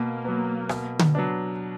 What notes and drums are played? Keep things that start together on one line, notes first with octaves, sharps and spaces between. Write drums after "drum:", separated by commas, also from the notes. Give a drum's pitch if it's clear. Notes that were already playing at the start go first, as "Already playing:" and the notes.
Already playing: B2 A#3
F#3 B3
B2, drum: rim click
drum: tom D3
F#3 B3 D4